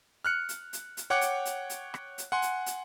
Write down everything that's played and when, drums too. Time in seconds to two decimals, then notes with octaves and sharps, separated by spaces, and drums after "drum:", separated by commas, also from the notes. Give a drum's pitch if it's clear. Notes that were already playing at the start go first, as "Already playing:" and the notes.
0.25 F6 F#6 C#7
0.49 drum: hi-hat
0.73 drum: hi-hat
0.97 drum: hi-hat
1.10 C#5 F#5 G5 D6 F#6 C#7
1.21 drum: hi-hat
1.45 drum: hi-hat
1.70 drum: hi-hat
1.94 drum: rim click
2.18 drum: hi-hat
2.32 F#5 G#5 C6
2.42 drum: hi-hat
2.66 drum: hi-hat